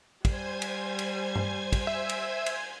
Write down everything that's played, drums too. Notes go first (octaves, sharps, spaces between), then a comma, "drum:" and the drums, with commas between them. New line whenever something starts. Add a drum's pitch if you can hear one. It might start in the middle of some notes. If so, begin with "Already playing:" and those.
G3 C5 G#5 G#6, drum: kick, cymbal
drum: cymbal
drum: cymbal
drum: tom G2
drum: kick, cymbal
E5
drum: cymbal
drum: cymbal